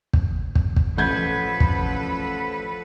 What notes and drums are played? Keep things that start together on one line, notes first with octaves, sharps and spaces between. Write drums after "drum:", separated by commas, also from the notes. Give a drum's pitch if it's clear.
drum: kick
drum: kick
drum: kick
A1 F3 A4 B4 G6 G#6
drum: kick